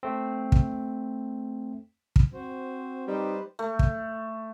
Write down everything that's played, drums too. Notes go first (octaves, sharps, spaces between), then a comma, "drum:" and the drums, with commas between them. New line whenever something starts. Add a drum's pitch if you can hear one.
A3 C4
drum: kick
drum: kick
C4 F#4 C5
G3 D#4 G4 B4 C5
A3
drum: kick